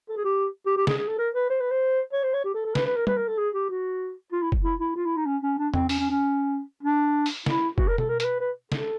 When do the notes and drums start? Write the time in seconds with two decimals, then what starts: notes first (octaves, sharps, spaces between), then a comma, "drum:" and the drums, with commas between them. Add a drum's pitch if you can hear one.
0.09 A4
0.17 G#4
0.25 G4
0.66 G4
0.77 G4
0.87 G#4, drum: snare
0.98 G#4
1.08 A4
1.19 A#4
1.35 B4
1.50 C5
1.60 B4
1.71 C5
2.13 C#5
2.23 C5
2.34 C#5
2.44 G4
2.54 A4
2.65 A4
2.75 B4, drum: snare
2.86 B4
2.96 A#4
3.07 B4, drum: tom
3.17 A#4
3.28 A4
3.38 G#4
3.54 G4
3.70 F#4
4.32 F4
4.42 E4
4.52 drum: kick
4.64 E4
4.80 E4
4.96 F4
5.06 E4
5.16 D#4
5.26 C#4
5.42 C#4
5.58 D4
5.74 C4, drum: tom E2
5.89 C#4, drum: open hi-hat
5.99 C#4
6.10 C#4
6.83 D4
7.26 drum: open hi-hat
7.46 E4, drum: snare
7.78 F#4, drum: kick
7.88 A#4
7.98 A4, drum: tom B2
8.09 A#4
8.20 A#4, drum: hi-hat
8.24 B4
8.40 B4
8.72 A4, drum: snare